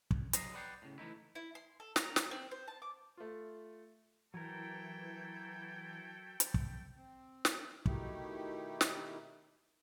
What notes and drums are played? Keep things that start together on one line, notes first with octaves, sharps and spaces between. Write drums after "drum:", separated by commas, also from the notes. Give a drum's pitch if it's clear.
C#2, drum: kick
D3 F#3 G#4 D#5 A#5 C6, drum: hi-hat
B4 D5 F#5 G5 A5 C6
A2 C#3
E3 A3 D#4 E4
E4
C6
A4
A#5, drum: snare
drum: snare
C4
C5
A5
D6
A3 F4
E3 F#3 A3 A4 A#4 G5 G#6
drum: hi-hat
drum: kick
C4
drum: snare
B2 D#3 A3 D#4 E4 G4, drum: kick
drum: snare